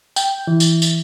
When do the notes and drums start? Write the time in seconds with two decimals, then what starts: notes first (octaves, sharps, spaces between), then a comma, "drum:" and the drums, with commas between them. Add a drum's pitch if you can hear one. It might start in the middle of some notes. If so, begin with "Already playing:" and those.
0.16 G5, drum: tambourine
0.48 E3
0.60 drum: tambourine
0.82 drum: tambourine